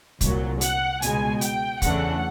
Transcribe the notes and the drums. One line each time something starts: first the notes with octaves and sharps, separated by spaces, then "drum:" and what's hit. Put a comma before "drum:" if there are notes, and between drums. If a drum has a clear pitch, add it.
C2 A#2 F#3, drum: kick, hi-hat
F#5, drum: hi-hat
C#2 B2 G#3 G#5, drum: hi-hat
G5, drum: hi-hat
E2 C#3 E3 A3 D4 F#5, drum: kick, hi-hat